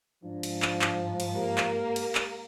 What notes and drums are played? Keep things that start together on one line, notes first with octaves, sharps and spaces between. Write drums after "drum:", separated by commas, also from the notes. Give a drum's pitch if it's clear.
G#2 F3 D4
drum: cymbal
drum: clap
drum: clap
drum: cymbal
A#3 G4
drum: clap
drum: cymbal
drum: clap